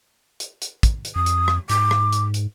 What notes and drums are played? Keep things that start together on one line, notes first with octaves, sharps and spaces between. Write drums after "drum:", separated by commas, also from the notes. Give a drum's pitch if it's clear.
drum: hi-hat
drum: hi-hat
drum: kick, hi-hat
drum: hi-hat
F2 D#6
drum: hi-hat
drum: rim click
G#2 D6, drum: hi-hat
drum: rim click
drum: hi-hat
drum: hi-hat